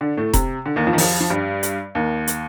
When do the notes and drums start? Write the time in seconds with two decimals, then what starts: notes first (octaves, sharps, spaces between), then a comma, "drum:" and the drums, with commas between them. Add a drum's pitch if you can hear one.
0.01 D3 D4
0.17 A2 A3
0.33 C3, drum: kick E1, hi-hat
0.66 D3
0.76 D#2 D#3
0.87 F2 F3
0.93 D#3
0.98 F2 F3, drum: open hi-hat
1.20 F3
1.30 G2 G3
1.63 drum: hi-hat
1.95 D#2 D#3
2.27 drum: hi-hat